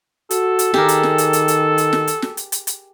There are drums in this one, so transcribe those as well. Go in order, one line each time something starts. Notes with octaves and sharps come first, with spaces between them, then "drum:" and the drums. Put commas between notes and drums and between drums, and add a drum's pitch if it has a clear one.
F#4 A4, drum: hi-hat
drum: hi-hat
D#3 G4 G#4 A#4, drum: snare
drum: hi-hat
drum: snare
drum: hi-hat
drum: hi-hat
drum: hi-hat
drum: hi-hat
drum: snare
drum: hi-hat
drum: snare
drum: hi-hat
drum: hi-hat
drum: hi-hat